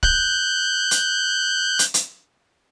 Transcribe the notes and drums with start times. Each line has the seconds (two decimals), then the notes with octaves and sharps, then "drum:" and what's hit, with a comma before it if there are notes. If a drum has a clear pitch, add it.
0.03 F#6 G6, drum: kick
0.91 drum: hi-hat
1.79 drum: hi-hat
1.94 drum: hi-hat